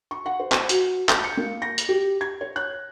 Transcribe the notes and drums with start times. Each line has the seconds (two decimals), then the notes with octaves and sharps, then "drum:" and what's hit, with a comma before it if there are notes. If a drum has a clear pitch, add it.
0.11 C#6
0.26 F#5
0.40 C5
0.52 drum: clap
0.69 F#4, drum: hi-hat
1.09 G6, drum: clap
1.24 C#7
1.37 A#3
1.62 A#6
1.78 drum: hi-hat
1.89 G4
2.21 G#6
2.41 C#5
2.56 F#6